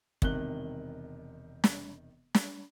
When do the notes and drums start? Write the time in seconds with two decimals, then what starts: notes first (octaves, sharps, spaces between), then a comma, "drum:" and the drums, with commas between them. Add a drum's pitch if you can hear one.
0.22 E1 C3 D#3 F#6 G7, drum: kick
1.64 drum: snare
2.35 drum: snare